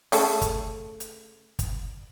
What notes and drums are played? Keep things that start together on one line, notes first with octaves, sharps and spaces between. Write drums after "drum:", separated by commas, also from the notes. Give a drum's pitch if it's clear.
C#3 A3 A4, drum: open hi-hat
drum: kick, hi-hat
drum: hi-hat
drum: kick, hi-hat